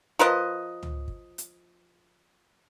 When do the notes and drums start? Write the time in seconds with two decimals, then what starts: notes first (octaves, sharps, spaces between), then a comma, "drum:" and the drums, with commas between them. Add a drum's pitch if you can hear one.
0.19 F3 A#4 B4 D#5
0.83 drum: tom C#2
1.08 drum: kick
1.38 drum: hi-hat